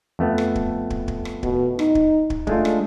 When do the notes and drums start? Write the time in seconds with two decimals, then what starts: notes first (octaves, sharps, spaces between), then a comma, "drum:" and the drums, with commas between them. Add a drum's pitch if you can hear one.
0.19 F2 A3 B3
0.38 drum: rim click
0.55 drum: kick
0.90 drum: kick
1.08 drum: kick
1.25 drum: rim click
1.43 B2, drum: kick
1.79 D#4, drum: rim click
1.95 drum: kick
2.30 drum: kick
2.47 G#3 A3 D4 F4, drum: kick
2.65 drum: rim click